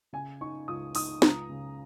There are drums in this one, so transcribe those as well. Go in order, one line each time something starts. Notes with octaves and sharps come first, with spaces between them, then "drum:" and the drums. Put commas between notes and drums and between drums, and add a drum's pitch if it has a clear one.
C#3 G#5
D#4 C#6
C#2 D#6
D#4 D#6, drum: open hi-hat
C#2 A#5, drum: snare
C#3